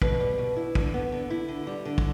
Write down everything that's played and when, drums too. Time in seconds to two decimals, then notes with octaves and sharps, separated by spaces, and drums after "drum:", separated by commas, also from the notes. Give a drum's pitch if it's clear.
0.02 B2 B4, drum: kick
0.20 G3
0.38 B2
0.56 E4
0.75 D3, drum: kick
0.94 B3
1.12 D3
1.30 E4
1.48 D3
1.67 G3
1.85 D3
1.98 drum: kick